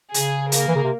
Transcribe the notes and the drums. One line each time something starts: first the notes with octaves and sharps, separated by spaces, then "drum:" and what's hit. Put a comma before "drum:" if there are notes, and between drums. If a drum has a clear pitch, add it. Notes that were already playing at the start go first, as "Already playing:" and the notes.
C#3 G#4, drum: hi-hat
A#3 A#4, drum: hi-hat
E3
C#3
C3